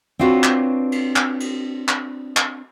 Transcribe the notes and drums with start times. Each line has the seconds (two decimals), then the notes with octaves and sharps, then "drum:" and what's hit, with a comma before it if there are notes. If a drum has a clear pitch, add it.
0.19 C4 D4 F4 F#4 B4 C#5
0.44 drum: clap
0.92 drum: cymbal
1.16 drum: clap
1.40 drum: cymbal
1.88 drum: clap
2.37 drum: clap